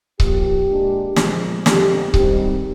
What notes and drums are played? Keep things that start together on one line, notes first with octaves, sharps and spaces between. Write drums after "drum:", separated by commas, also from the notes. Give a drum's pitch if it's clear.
A#2 F3 A#3 G4, drum: kick C#1
A#2 G#3 D4
A#2 F3 G#3, drum: snare
F2 D3 G#3 G4, drum: snare
G#2 D#3 G3 C4 D#4 G4, drum: kick C#1